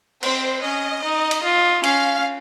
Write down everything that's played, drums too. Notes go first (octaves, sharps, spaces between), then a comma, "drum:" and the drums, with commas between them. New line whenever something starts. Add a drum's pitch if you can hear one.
C4 C5, drum: cymbal
C#4 D#5
D#4
drum: cymbal
F4
C#4 F5, drum: cymbal